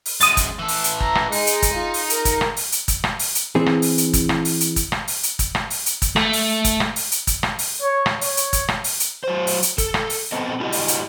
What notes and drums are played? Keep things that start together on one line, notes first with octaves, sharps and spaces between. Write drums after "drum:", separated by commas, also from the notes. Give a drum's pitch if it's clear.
drum: open hi-hat
F#2 G#3 D#6 A6, drum: hi-hat
drum: kick, hi-hat
E3 A4
drum: open hi-hat
drum: hi-hat
A#5, drum: kick
drum: rim click
G#3 D#4, drum: open hi-hat
drum: hi-hat
drum: kick, hi-hat
F4
drum: open hi-hat
A#4, drum: hi-hat
drum: kick, hi-hat
drum: rim click
drum: open hi-hat
drum: hi-hat
drum: kick, hi-hat
drum: rim click
drum: open hi-hat
drum: hi-hat
E3 C4 G#4
drum: rim click
drum: open hi-hat
drum: hi-hat
drum: kick, hi-hat
drum: rim click
drum: open hi-hat
drum: hi-hat
drum: kick, hi-hat
drum: rim click
drum: open hi-hat
drum: hi-hat
drum: kick, hi-hat
drum: rim click
drum: open hi-hat
drum: hi-hat
drum: kick, hi-hat
A3, drum: rim click
drum: open hi-hat
drum: kick, hi-hat
drum: rim click
drum: open hi-hat
drum: hi-hat
drum: kick, hi-hat
drum: rim click
drum: open hi-hat
C#5
drum: rim click
C#5, drum: open hi-hat
drum: hi-hat
drum: kick, hi-hat
drum: rim click
drum: open hi-hat
drum: hi-hat
F#3 C5
drum: open hi-hat
drum: hi-hat
A4, drum: kick, hi-hat
drum: rim click
drum: open hi-hat
B3 C4 A4 D#5
D4 E4 F#4 G4 D#5
drum: open hi-hat
drum: hi-hat